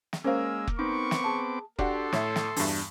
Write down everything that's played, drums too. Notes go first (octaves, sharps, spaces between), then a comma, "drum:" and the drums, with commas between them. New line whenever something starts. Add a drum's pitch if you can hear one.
drum: snare
G#3 A#3 C#4 A#4 C5 F5 E6
drum: kick F1
B3 C4 D#4 C#6 D6
drum: snare
G#4 A5
D4 F#4 G4 A4 D5 F#5 C6, drum: kick F1
A2 C#5 E5, drum: snare
drum: snare
E2 G2 D4 F#4 E5, drum: open hi-hat